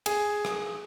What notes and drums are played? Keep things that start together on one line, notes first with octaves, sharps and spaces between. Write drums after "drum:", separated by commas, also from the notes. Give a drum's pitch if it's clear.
G#4, drum: cymbal
drum: rim click